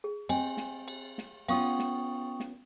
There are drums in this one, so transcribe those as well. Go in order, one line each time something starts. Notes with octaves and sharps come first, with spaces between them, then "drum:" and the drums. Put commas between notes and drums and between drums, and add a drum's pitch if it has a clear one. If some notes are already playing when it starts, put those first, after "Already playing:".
G#4
C4 D#5 G#5, drum: cymbal
drum: snare
drum: cymbal
drum: snare
B3 C#4 F4 F5 G5 C#6 D#6, drum: cymbal
drum: snare
drum: snare